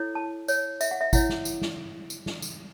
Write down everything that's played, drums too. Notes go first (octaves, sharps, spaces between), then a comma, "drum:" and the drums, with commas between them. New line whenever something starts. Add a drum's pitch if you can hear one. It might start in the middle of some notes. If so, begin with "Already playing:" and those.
Already playing: E4 A4 C#5
A5
C#5, drum: tambourine
E5, drum: tambourine
F#5
E5
E4 C#5 F#5, drum: kick G#1, tambourine
drum: snare
drum: tambourine
drum: snare
drum: tambourine
drum: snare
drum: tambourine